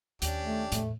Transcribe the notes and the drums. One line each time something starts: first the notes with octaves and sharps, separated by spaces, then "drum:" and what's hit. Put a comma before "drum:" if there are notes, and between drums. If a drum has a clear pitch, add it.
D#2 C#4 D4 G4, drum: hi-hat
A3
E2 A2 A3, drum: hi-hat